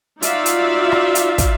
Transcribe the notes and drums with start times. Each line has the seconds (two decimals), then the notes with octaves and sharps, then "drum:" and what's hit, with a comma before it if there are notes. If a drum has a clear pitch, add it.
0.22 D#4 F4 F#4 D5 E5 F5, drum: hi-hat
0.46 drum: hi-hat
0.92 drum: rim click
1.15 drum: hi-hat
1.38 drum: kick, hi-hat